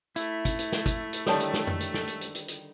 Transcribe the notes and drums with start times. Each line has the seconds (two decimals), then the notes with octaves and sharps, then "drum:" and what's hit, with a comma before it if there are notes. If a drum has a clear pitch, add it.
0.16 A3 E4, drum: hi-hat
0.45 drum: kick, hi-hat
0.59 drum: hi-hat
0.72 drum: snare
0.86 drum: kick, hi-hat
1.13 drum: hi-hat
1.26 D3 D#3 G3 A4 C#5 A5, drum: snare
1.40 drum: hi-hat
1.54 drum: snare
1.67 drum: tom F2
1.81 drum: hi-hat
1.94 drum: snare
2.08 drum: hi-hat
2.21 drum: hi-hat
2.35 drum: hi-hat
2.48 drum: hi-hat